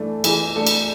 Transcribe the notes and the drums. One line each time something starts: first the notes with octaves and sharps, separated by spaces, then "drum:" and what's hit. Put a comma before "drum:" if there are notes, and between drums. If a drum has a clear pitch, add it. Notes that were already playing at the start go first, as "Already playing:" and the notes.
Already playing: E3 A3 D4
E3 G#4, drum: cymbal
A3 D4 A4
drum: cymbal